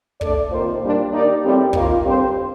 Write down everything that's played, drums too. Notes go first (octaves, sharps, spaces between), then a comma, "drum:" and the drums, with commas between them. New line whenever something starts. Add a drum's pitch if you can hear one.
A3 D4 A4 D5, drum: kick
C3 D#3 A#3 F4 C5
A#2 G3 A#3 D4
D#3 A#3 D#4 G4 D5
A2 G3 C4 G4
D#3 A#3 F4, drum: kick
D3 G3 C4 G4 C5